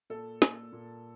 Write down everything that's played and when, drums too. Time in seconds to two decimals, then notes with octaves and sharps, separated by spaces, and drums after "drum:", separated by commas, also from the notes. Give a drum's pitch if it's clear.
0.10 A#2 A4
0.42 A#2, drum: snare
0.72 A#2